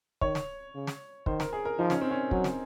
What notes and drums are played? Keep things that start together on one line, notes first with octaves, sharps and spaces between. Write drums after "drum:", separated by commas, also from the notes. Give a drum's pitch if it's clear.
D#3 C#5, drum: kick
drum: snare
C#3
drum: snare
D#3 C5, drum: kick
A#4, drum: snare
G#4
A#4
F3 D#4
C#4, drum: snare
C4
C#4
F#3, drum: kick
drum: snare